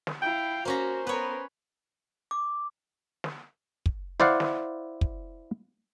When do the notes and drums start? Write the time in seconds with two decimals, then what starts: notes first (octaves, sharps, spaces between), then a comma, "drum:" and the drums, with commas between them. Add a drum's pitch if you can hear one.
0.07 drum: snare
0.22 E4 F5 G5
0.65 A#3 C#4 F#4 C5 A#5
1.07 B3 A#4 B4 C#5
2.31 D6
3.24 drum: snare
3.86 drum: kick
4.20 E4 C5 D5 F5 F#5, drum: snare
4.40 drum: snare
5.01 drum: kick